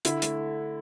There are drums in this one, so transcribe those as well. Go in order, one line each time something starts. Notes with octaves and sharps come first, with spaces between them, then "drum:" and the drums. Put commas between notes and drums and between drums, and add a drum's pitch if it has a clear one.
D3 E4, drum: hi-hat
A3, drum: hi-hat